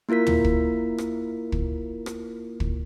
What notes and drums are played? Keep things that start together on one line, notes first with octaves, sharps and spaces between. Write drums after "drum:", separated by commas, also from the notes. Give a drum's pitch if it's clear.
A#3 E4 F4 A#4 B6
drum: tom
drum: kick
drum: rim click
drum: kick
drum: rim click
drum: kick